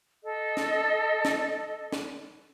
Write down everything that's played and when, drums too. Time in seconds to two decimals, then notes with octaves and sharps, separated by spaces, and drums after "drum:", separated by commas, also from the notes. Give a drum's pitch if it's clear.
0.23 A4 D#5
0.57 drum: snare
1.25 drum: snare
1.92 drum: snare